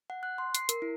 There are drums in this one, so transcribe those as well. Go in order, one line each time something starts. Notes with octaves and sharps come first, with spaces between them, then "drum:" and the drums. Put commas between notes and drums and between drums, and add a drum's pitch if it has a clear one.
F#5
F#6
C6
C7, drum: hi-hat
A#4, drum: hi-hat
E4